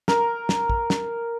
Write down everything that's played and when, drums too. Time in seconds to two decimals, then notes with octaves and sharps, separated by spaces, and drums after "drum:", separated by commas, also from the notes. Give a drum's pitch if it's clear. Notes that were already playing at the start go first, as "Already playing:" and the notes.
0.08 A#4, drum: snare
0.49 drum: snare
0.70 drum: kick
0.90 drum: snare